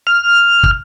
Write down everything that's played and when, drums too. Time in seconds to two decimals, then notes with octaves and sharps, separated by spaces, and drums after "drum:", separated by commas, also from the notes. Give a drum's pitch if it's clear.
0.07 F6
0.63 drum: kick